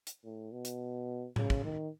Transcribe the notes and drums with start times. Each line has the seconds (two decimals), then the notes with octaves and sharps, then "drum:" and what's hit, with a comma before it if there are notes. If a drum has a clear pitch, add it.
0.07 drum: hi-hat
0.24 A2
0.52 B2
0.65 drum: hi-hat
1.36 C#3, drum: tom A2
1.50 drum: kick
1.64 D#3